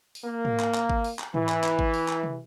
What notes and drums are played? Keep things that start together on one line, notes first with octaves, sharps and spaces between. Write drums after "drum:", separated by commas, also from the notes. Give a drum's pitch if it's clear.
drum: open hi-hat
A#3
drum: tom
drum: clap
drum: clap
drum: kick G#1
drum: open hi-hat
drum: clap
E3, drum: tom
drum: clap
drum: clap
drum: kick G#1
drum: open hi-hat
drum: clap
drum: tom